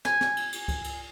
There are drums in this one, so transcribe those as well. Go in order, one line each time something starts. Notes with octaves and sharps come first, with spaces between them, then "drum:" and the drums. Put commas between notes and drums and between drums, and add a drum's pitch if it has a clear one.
G#5, drum: snare
drum: snare
drum: cymbal
drum: cymbal
drum: kick C2, cymbal
drum: cymbal